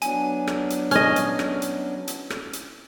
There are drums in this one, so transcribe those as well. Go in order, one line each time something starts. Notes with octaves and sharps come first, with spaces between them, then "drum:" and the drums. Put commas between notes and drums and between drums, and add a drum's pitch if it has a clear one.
F#3 B3 D4 G#5, drum: hi-hat
drum: rim click
drum: hi-hat
C#4 D#5 F6, drum: hi-hat
drum: hi-hat
drum: rim click
drum: hi-hat
drum: hi-hat
drum: rim click
drum: hi-hat